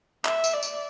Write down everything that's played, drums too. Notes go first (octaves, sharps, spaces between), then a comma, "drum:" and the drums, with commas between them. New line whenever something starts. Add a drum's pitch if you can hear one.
E5, drum: clap
drum: tambourine
D5
drum: tambourine